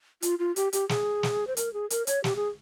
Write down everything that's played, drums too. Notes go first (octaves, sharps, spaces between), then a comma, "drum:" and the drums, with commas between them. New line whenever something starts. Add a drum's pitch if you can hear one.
F4, drum: hi-hat
F4
G4, drum: hi-hat
G4, drum: hi-hat
G#4, drum: snare
drum: snare
C5
A#4, drum: hi-hat
G#4
A#4, drum: hi-hat
C#5, drum: hi-hat
G4, drum: snare
G#4